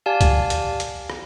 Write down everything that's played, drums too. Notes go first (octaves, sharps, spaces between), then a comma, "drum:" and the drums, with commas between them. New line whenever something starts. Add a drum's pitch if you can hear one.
G4 D5 F5 G#5 A5
drum: kick, hi-hat
drum: hi-hat
drum: hi-hat
drum: rim click